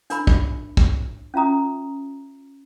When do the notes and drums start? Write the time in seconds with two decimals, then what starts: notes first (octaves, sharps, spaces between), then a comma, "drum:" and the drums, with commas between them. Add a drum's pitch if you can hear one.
0.10 D4 A#4 B5, drum: hi-hat
0.27 drum: kick
0.77 drum: kick
1.34 C#4 F4 E5 A#5 D#6